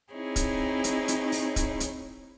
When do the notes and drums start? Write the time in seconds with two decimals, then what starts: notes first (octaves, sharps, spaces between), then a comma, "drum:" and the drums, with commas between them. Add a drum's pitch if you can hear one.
0.12 C4 D#4 E4 G#4 C#5
0.36 drum: kick, hi-hat
0.84 drum: hi-hat
1.08 drum: hi-hat
1.32 drum: open hi-hat
1.56 drum: kick, hi-hat
1.80 drum: hi-hat